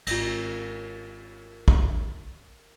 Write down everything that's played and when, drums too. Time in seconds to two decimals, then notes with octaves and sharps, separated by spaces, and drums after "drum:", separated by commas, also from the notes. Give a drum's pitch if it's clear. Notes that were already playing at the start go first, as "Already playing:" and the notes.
0.07 G#1 F4 A#6, drum: cymbal
1.68 drum: kick